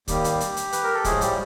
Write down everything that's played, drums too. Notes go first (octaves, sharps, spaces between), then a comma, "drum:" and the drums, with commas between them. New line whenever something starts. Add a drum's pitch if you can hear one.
D#2 D#3 G3 A#3 G4, drum: kick, hi-hat
drum: hi-hat
drum: hi-hat
drum: hi-hat
B4, drum: hi-hat
A#4
A4
A2 F3 G#3 A3 G#4, drum: kick, hi-hat
G3 G4, drum: hi-hat